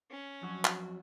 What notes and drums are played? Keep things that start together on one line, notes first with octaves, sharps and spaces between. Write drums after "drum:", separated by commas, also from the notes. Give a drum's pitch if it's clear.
C#4
F2 F#3 F#4
drum: clap